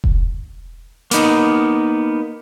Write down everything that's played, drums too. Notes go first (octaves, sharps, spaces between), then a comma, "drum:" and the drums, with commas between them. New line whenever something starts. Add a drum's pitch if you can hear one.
drum: kick E1
A#3 B3 D#4, drum: hi-hat